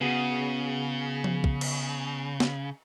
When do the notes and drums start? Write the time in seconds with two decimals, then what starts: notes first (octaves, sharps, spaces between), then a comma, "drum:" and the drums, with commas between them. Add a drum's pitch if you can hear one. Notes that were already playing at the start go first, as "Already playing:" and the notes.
0.01 C#3 B3 F#4 G#4
1.24 drum: tom F3
1.44 drum: kick
1.61 drum: cymbal
2.40 drum: snare